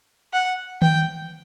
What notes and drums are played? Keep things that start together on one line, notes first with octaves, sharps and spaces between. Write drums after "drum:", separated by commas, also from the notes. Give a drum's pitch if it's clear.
F#5
G5, drum: tom D#3